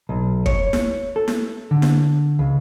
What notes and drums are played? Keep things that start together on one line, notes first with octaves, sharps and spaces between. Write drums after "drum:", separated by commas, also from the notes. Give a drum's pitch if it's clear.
B1
C#5, drum: kick
drum: snare E4
A4
drum: snare E4
D3
drum: snare E4
C#2